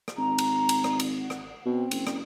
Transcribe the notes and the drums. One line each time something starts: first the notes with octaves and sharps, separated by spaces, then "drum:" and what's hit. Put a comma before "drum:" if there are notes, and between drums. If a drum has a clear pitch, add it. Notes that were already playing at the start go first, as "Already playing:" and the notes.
drum: rim click
G#1 A#5
drum: cymbal
drum: cymbal
drum: rim click
drum: cymbal
F#5
drum: rim click
B2 C4
F#1, drum: cymbal
drum: rim click